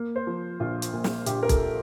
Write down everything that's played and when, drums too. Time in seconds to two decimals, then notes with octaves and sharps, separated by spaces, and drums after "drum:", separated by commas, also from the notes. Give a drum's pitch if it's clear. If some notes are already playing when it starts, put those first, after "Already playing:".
Already playing: A#3
0.16 C5
0.27 F3
0.60 A#1 F4
0.82 drum: hi-hat
0.93 A#2
1.04 drum: snare
1.26 A#1 G4, drum: hi-hat
1.43 A#4
1.49 A4, drum: kick, hi-hat